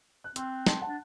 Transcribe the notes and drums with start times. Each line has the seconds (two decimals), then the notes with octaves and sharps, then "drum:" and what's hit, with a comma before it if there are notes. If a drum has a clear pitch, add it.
0.24 F#6
0.36 C4 C6 E6, drum: hi-hat
0.67 A5 C6, drum: snare
0.82 F#5 A5
0.88 D4